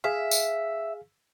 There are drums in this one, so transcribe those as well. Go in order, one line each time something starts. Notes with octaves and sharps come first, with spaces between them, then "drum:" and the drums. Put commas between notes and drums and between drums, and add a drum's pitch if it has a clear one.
G#4 E5 F5
drum: tambourine